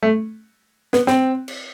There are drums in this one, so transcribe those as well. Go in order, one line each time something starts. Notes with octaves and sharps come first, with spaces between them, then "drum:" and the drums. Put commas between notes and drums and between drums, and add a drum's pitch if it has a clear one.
A3
B3, drum: snare
C4, drum: snare
drum: cymbal